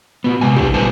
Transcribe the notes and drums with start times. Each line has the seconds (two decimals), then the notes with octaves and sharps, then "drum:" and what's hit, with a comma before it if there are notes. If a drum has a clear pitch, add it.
0.24 A#2 B3
0.41 C3 G#3 G#5
0.57 B2 D4 E4 G4, drum: kick
0.74 A#2 G3 B4 C5 G#5 A5